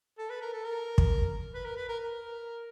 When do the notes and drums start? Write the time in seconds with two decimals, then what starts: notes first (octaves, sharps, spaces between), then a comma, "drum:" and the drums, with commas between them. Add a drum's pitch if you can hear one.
0.19 A4
0.30 B4
0.42 A#4
0.53 A4
0.64 A#4
0.98 drum: kick
1.54 B4
1.65 A#4
1.77 B4
1.89 A#4
2.00 A#4